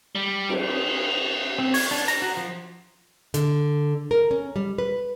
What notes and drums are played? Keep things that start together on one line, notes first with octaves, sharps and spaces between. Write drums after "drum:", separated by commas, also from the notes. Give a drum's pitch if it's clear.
G3
drum: cymbal
C4
C#5, drum: open hi-hat
D4
A#5, drum: hi-hat
F#4
F3
D3, drum: hi-hat
A#4
C#4
G3
B4